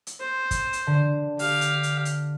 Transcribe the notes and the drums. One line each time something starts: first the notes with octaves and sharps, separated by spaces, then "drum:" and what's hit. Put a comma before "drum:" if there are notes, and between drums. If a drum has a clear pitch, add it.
drum: hi-hat
C5
drum: kick, hi-hat
drum: hi-hat
D3
G4 F5, drum: open hi-hat
drum: hi-hat
drum: hi-hat
drum: hi-hat